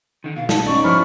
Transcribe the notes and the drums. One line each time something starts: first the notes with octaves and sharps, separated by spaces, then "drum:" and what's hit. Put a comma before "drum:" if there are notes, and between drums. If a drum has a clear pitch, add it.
D3 D#3
B2 F5
A5, drum: snare
C#4 D#4 D5 C#6
F3 E4 F#4 C5 D5 B5 C#6 F6